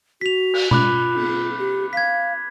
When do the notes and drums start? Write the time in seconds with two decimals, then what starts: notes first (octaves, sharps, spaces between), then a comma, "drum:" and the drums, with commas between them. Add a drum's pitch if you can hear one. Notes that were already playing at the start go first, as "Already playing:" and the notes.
0.21 F#4 B6 F7
0.54 drum: cymbal
0.71 F4 B5 D6 F#6, drum: tom B2
1.15 drum: cymbal
1.59 G4
1.93 F5 G#6 B6